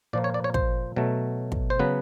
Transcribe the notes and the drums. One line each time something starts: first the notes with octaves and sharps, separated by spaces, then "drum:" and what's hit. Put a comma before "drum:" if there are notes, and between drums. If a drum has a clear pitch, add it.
A#2 F3 A#3 D5
C#5
D5
C#5
C5, drum: kick
B2 F#3 A3
drum: kick
C5
C#3 F#3 B3 B4